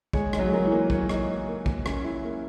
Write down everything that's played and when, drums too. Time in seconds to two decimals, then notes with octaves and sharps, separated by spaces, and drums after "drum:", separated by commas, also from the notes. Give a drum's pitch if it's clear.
0.13 G#3 C#5, drum: kick
0.33 D#4, drum: rim click
0.39 F#3
0.47 G#3
0.52 F#3 A#4
0.65 E3
0.71 A#3
0.90 C#5, drum: kick
1.09 D#4, drum: rim click
1.29 A#4
1.48 A#3
1.66 A#3, drum: kick
1.86 C#4, drum: rim click
2.04 E4
2.24 A#3